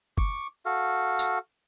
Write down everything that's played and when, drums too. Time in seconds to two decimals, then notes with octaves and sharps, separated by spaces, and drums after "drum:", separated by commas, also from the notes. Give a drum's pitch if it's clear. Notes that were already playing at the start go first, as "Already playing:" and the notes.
0.18 C#6 D6, drum: kick F#1
0.65 F#4 A4 F5
1.19 drum: tambourine